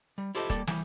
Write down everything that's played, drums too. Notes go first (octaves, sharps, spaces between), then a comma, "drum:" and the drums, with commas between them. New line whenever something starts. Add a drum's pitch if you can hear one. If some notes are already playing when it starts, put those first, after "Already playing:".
G3
E4 F4 G4 A4 C5 D#5
G3 A#3 A4 D5, drum: kick D#1, hi-hat
E3 G3, drum: snare